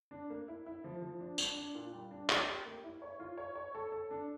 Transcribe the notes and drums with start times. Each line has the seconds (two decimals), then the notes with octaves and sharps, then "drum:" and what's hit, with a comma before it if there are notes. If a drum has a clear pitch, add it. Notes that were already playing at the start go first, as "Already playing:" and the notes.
0.11 D4
0.30 A#3
0.48 E4
0.66 E4
0.84 F3
1.02 F3
1.20 D4
1.38 D4, drum: tambourine
1.56 D4
1.75 A#2
1.93 G3
2.11 D4
2.29 G4, drum: clap
2.47 G4
2.66 A#3
2.84 E4
3.02 C#5
3.20 F4
3.38 C#5
3.55 C#5
3.75 A4
3.92 A4
4.11 D4